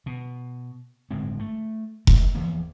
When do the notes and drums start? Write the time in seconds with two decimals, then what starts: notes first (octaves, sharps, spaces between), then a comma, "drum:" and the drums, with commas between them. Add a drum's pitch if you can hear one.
0.06 B2
1.11 G1 A2 G#3 C4
1.39 A3
2.07 G#1 D#3 E3 A3, drum: kick F1
2.35 E2 E3 F3 A#3